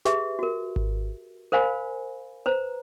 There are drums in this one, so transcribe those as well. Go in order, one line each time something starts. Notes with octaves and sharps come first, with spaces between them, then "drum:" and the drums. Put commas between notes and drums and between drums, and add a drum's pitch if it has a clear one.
G4 G#4 B4 E5, drum: snare
F#4 A#4
drum: kick G#1
A#4 C5 F5 G#5 B5
B4 C5 A#5